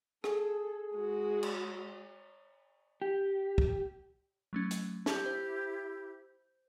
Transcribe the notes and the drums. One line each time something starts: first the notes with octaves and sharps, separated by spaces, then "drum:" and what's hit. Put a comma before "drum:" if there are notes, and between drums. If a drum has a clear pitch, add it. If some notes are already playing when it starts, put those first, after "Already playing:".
G#4 A4, drum: rim click
G#3 F#4
drum: cymbal
G4
drum: kick
F#3 A3 C#4
drum: hi-hat
E4 G4, drum: snare
C5 G6